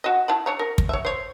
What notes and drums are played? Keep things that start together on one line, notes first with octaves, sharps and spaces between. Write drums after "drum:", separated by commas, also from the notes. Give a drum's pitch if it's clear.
F#4 D#5
E4 A5 B5
D4 C#5 A#5
A#4
drum: kick
C#5 E5
C5 C#5